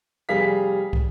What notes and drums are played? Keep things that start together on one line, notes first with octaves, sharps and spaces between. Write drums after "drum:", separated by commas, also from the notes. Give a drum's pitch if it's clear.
F1 G3 G#4 F5 B6
drum: kick